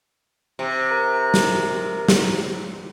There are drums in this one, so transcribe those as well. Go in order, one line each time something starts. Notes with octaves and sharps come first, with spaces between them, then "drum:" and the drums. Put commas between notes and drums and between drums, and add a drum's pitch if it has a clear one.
C3
A#4
drum: snare
drum: snare